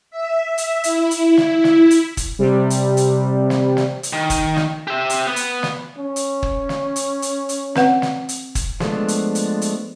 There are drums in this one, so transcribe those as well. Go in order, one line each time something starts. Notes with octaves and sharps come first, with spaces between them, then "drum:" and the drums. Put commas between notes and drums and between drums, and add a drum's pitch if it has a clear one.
E5
drum: hi-hat
E4, drum: hi-hat
drum: hi-hat
drum: snare
drum: snare
drum: hi-hat
drum: kick, hi-hat
C3 G3
drum: hi-hat
drum: hi-hat
drum: snare
drum: snare
drum: hi-hat
D#3
drum: kick, hi-hat
drum: snare
G4 E5
drum: hi-hat
B3
drum: hi-hat
drum: snare
C#4
drum: hi-hat
drum: kick
drum: snare
drum: hi-hat
drum: hi-hat
drum: hi-hat
C4 B4 F#5, drum: snare
drum: snare
drum: hi-hat
drum: kick, hi-hat
F3 G#3 A3 B3 D4, drum: snare
drum: hi-hat
drum: hi-hat
drum: hi-hat